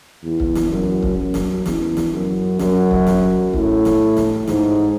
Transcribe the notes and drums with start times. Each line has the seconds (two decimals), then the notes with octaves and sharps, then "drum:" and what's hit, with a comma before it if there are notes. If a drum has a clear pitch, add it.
0.24 E2
0.40 drum: kick C#1
0.55 drum: snare
0.71 F#2
1.03 drum: kick C#1
1.18 F#2
1.34 drum: snare
1.66 E2, drum: snare
1.97 drum: snare
2.12 F#2
2.59 F#2, drum: snare
2.91 drum: kick C#1
3.07 drum: snare
3.54 A2, drum: kick C#1
3.85 drum: snare
4.17 drum: snare
4.48 G#2, drum: snare